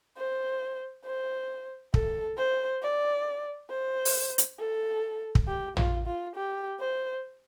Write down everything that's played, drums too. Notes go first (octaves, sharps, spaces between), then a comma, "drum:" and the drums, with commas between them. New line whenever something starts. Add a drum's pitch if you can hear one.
C5
C5
A4, drum: kick
C5
D5
C5
drum: open hi-hat
drum: hi-hat
A4
drum: kick
G4
F4, drum: tom
F4
G4
C5